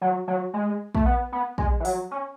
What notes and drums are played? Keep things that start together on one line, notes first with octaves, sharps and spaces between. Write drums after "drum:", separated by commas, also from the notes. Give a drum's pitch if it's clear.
F#3
F#3
G#3
A3, drum: kick
B3
B3
G#3, drum: kick
E3
F#3, drum: open hi-hat
C#4